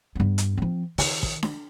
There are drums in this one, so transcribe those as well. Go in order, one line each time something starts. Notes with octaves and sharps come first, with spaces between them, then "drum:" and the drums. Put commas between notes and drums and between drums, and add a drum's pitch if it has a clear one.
G2 B3
drum: hi-hat
F3 C4
D#3, drum: open hi-hat
drum: kick
drum: snare D4